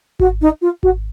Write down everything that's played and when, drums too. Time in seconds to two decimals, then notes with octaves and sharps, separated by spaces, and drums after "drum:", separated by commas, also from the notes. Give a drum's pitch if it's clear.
0.20 F#4, drum: kick G#1
0.41 D#4
0.61 F4
0.83 F#4, drum: kick G#1